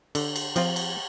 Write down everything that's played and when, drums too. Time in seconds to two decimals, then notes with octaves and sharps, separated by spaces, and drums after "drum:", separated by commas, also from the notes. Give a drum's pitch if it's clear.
0.15 D3, drum: cymbal
0.36 drum: cymbal
0.56 F3 C4 F4, drum: cymbal
0.76 drum: cymbal